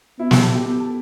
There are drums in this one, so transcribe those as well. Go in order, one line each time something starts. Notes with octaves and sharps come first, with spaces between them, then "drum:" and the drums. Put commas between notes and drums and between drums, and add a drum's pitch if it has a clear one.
B3 E4
G4, drum: snare
A4
G4
B3 A4
A4